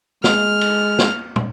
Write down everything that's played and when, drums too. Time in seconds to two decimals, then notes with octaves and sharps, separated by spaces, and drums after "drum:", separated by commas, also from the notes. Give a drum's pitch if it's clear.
0.24 G#3 F6, drum: snare
0.61 drum: cymbal
0.99 drum: snare
1.36 drum: tom